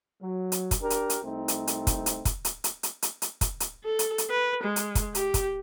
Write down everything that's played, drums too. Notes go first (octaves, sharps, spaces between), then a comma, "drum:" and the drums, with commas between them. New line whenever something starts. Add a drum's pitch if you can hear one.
F#3
drum: hi-hat
drum: kick, hi-hat
D4 G4 A#4
drum: hi-hat
drum: hi-hat
C2 A3 C4 D#4
drum: hi-hat
drum: hi-hat
drum: kick, hi-hat
drum: hi-hat
drum: kick, hi-hat
drum: hi-hat
drum: hi-hat
drum: hi-hat
drum: hi-hat
drum: hi-hat
drum: kick, hi-hat
drum: hi-hat
A4
drum: hi-hat
drum: hi-hat
B4
G#3
drum: hi-hat
drum: kick, hi-hat
G4, drum: hi-hat
drum: kick, hi-hat